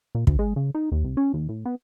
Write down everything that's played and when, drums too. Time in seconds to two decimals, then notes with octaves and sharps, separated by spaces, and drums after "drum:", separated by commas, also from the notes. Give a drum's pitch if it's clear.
0.15 A#2
0.27 D2, drum: kick
0.39 G#3
0.56 C#3
0.74 D#4
0.92 D#2
1.04 C2
1.17 C#4
1.33 D#2
1.49 A2
1.65 B3